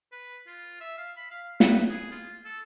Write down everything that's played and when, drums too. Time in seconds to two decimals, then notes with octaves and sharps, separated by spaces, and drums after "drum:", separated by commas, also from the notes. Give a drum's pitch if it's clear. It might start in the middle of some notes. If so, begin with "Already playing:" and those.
0.12 B4
0.47 F4
0.81 E5
0.98 F5
1.17 B5
1.31 F5
1.60 B4, drum: snare
1.90 G#4
2.11 F4
2.45 A4